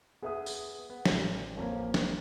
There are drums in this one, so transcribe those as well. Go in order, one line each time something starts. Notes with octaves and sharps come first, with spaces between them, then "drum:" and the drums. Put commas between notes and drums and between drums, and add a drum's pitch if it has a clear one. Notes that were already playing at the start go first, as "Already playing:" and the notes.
B3 G#4 E5 D#6
drum: tambourine
B3
A1 G3 C#4, drum: snare
A1 F2 A#3 C#4 A#4
drum: snare